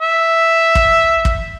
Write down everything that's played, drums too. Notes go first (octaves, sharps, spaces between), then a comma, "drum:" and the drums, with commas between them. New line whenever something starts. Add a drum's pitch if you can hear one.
E5
drum: kick
drum: kick